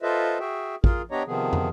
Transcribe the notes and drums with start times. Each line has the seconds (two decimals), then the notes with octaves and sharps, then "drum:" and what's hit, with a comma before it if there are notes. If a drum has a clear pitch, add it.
0.03 F4 A4 B4 C5 D#5 E5
0.40 F#4 G#4 E5 G5
0.84 F4 G#4 A#4, drum: kick
1.11 B3 D4 G4 C#5 D#5 A#5
1.27 C3 D#3 F3 B3 G#4
1.53 drum: tom